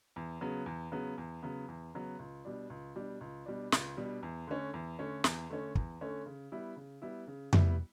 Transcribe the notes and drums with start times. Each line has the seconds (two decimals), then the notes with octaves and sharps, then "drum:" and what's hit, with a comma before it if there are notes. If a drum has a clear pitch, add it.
0.16 E2
0.41 C#3 F#3 B3
0.66 E2
0.92 C#3 F#3 B3
1.18 E2
1.43 C#3 F#3 B3
1.68 E2
1.94 C#3 F#3 B3
2.19 C#2
2.45 B2 G3 D4
2.70 C#2
2.96 B2 G3 D4
3.21 C#2
3.46 B2 G3 D4
3.72 C#2, drum: snare
3.97 B2 G3 D4
4.23 E2
4.47 D3 A3 C#4
4.74 E2
4.99 D3 A3 C#4
5.24 E2, drum: snare
5.50 D3 A3 C#4
5.75 E2, drum: kick
6.01 D3 A3 C#4
6.26 C#3
6.52 G3 B3 E4
6.76 C#3
7.02 G3 B3 E4
7.27 C#3
7.53 G3 B3 E4, drum: tom F2